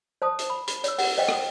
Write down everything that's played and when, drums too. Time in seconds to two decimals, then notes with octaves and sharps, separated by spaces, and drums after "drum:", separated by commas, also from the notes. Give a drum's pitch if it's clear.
0.22 C5 A5 D#6
0.39 drum: hi-hat
0.50 B5
0.68 B5, drum: hi-hat
0.84 C#5 E6, drum: hi-hat
0.98 F#5, drum: open hi-hat
1.17 C5 D#5 F5 G5
1.28 drum: rim click